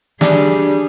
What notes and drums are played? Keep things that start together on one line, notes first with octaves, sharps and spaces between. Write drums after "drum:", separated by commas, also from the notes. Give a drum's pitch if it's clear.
G3 D4 G#4, drum: snare